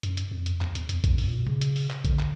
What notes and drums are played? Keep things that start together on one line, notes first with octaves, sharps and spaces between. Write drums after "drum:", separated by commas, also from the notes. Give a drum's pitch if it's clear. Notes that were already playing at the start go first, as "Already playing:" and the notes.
F#2, drum: hi-hat
drum: hi-hat
F2
drum: hi-hat
E2, drum: clap
E2, drum: hi-hat
F2, drum: hi-hat
F2, drum: kick A1, hi-hat
F#2, drum: open hi-hat
A#2
B2
C#3, drum: tom A#2
drum: hi-hat
drum: open hi-hat
drum: clap
D3, drum: kick A1, hi-hat
drum: clap